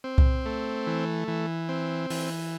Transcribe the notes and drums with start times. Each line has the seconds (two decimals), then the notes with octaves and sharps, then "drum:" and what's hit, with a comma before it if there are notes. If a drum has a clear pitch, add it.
0.04 C4
0.18 drum: kick C2
0.46 A3
0.87 E3
1.28 E3
1.69 C4
2.10 E3, drum: open hi-hat